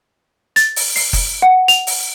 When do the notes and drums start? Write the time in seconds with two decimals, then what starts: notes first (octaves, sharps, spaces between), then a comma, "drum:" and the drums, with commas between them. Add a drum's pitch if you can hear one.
0.56 A6, drum: hi-hat
0.76 drum: open hi-hat
0.96 C7, drum: open hi-hat
1.13 drum: kick F#1, open hi-hat
1.42 F#5
1.68 F7, drum: hi-hat
1.87 drum: open hi-hat